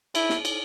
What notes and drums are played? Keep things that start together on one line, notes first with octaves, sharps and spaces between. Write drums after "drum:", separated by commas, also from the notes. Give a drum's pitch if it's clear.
E4, drum: cymbal
drum: snare
drum: cymbal